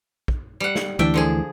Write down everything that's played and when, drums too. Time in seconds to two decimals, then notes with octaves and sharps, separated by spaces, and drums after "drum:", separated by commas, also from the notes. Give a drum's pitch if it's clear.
0.28 drum: kick
0.60 G3 F#5
0.75 drum: snare
0.99 D2 E3 D4 E5 G5
1.14 D3 F3 G#4